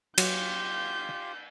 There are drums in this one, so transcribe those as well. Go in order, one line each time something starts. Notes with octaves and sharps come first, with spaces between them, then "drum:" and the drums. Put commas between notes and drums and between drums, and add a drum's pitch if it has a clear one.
F#3 F4 G4 F5 G6, drum: cymbal